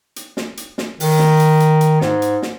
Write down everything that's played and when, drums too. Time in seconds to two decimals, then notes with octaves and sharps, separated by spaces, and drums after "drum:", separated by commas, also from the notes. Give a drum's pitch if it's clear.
0.16 drum: hi-hat
0.37 drum: snare
0.57 drum: hi-hat
0.78 drum: snare
1.00 D#3, drum: open hi-hat
1.19 drum: snare
1.40 drum: hi-hat
1.60 drum: hi-hat
1.81 drum: hi-hat
2.01 G#2, drum: snare
2.22 drum: hi-hat
2.42 drum: snare